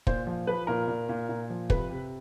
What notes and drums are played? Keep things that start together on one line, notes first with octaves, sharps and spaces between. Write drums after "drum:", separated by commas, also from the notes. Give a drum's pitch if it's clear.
A#2 C5, drum: kick
F3
F3 B4
A#2 A#4
A#2
A#2
A#2
F3
C3 B4, drum: kick
C3